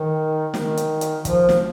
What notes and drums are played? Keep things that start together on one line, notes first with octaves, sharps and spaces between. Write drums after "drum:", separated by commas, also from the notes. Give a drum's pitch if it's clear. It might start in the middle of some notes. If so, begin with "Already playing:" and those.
Already playing: D#3
D#3, drum: snare
drum: hi-hat
drum: hi-hat
F3, drum: kick, hi-hat
drum: snare